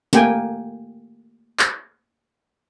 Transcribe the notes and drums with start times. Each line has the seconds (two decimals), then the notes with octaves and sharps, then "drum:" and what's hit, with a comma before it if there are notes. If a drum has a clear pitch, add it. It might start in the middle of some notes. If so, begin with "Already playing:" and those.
0.13 A3 A#3 G4 G5 G#5, drum: snare
1.59 drum: clap